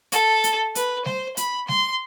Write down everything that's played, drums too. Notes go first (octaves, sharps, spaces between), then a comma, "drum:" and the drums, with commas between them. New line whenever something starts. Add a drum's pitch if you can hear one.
A4, drum: hi-hat
drum: hi-hat
B4, drum: hi-hat
C5, drum: snare G3
B5, drum: hi-hat
C6, drum: snare G3